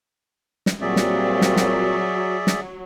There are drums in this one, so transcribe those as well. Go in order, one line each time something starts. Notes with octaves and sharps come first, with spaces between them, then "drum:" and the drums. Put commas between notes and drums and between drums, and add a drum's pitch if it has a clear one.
drum: snare
A#2 F#3 G3 C4 G#4 D5 E5
drum: snare
drum: snare
drum: snare
drum: snare